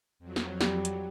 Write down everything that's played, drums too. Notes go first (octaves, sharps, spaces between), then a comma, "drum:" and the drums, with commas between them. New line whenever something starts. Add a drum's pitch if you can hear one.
F2 F#3
drum: snare
G3, drum: snare
drum: hi-hat